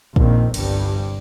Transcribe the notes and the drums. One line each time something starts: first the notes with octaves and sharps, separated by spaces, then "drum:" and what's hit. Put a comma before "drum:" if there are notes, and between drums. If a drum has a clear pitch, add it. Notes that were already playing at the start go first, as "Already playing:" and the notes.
A#1 F2 D#3 C4, drum: kick
G1 C2 G2 G3, drum: cymbal